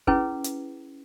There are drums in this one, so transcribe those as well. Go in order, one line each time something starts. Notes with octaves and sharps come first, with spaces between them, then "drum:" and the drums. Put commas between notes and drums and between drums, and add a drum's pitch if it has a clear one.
C#4 E4 G#4 B4, drum: kick
drum: hi-hat